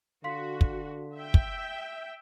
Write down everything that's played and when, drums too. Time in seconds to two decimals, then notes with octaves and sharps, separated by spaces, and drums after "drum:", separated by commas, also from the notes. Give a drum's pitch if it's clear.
0.24 D3 F#4 F5 C6 B6
0.61 drum: kick
1.16 E5 G5
1.34 drum: kick